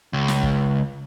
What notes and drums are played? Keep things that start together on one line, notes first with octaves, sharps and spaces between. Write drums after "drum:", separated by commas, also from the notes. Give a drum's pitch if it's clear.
C#2
drum: snare
drum: kick